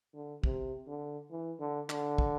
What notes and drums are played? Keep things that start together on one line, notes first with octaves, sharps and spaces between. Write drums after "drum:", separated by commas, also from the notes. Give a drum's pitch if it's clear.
D3
C3, drum: kick
D3
E3
D3
D3, drum: clap
drum: kick